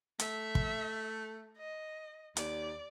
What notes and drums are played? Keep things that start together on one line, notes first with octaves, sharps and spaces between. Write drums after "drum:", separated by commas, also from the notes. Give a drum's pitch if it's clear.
A3 E5, drum: hi-hat
drum: kick
D#5
D#2 D5, drum: hi-hat